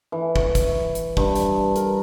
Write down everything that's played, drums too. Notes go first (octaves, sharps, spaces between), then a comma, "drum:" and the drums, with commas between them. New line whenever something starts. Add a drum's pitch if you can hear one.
E3
C#6, drum: kick
drum: kick, hi-hat
drum: hi-hat
G2, drum: kick
drum: hi-hat
A#4, drum: hi-hat